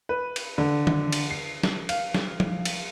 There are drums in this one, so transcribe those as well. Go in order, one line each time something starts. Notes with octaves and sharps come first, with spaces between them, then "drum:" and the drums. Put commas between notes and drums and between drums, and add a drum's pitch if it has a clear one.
B4
drum: cymbal
D3
drum: tom D#3
drum: cymbal
C7
drum: snare
F5, drum: cymbal
drum: snare
drum: tom F3
drum: cymbal